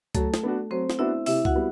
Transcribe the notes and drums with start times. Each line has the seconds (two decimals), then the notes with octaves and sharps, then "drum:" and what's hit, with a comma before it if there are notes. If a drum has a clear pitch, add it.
0.15 F#3 A3 A4, drum: kick C#2, hi-hat
0.34 drum: snare
0.43 B3 D4 F#4
0.71 F#3 C4 C5
0.90 drum: snare
0.99 B3 D4 E4 F#4 E5
1.26 C3 E4 E5, drum: open hi-hat
1.45 F#4 F#5, drum: kick C#2
1.55 G3 B3